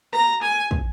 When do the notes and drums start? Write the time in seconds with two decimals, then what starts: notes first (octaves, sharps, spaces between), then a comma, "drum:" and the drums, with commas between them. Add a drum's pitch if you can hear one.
0.13 A#5, drum: rim click
0.42 G#5
0.71 drum: kick